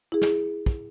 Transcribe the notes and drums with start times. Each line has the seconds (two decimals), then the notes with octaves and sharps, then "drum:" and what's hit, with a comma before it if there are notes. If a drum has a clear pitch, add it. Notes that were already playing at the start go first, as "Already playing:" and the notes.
0.12 E4 G#4
0.22 drum: snare
0.66 drum: kick